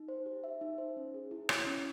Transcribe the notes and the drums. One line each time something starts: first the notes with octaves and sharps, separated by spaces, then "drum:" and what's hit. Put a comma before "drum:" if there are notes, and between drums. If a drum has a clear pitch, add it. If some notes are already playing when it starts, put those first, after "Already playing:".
Already playing: D#4
C5
G4
E5
D#4
C5
C#4
G#4
E4
C#5, drum: rim click
C#4